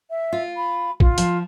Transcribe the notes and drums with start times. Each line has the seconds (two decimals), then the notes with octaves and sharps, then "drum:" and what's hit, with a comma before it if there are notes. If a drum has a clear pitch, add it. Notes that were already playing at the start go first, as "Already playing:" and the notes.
0.10 E5
0.33 F4
0.56 B5
1.00 F4, drum: kick
1.18 F3, drum: hi-hat